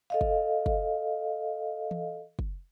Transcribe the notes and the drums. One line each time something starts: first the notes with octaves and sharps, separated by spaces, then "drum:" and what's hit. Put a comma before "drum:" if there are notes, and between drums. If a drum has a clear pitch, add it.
A4 D#5 F5
drum: kick
drum: kick
drum: tom E3
drum: kick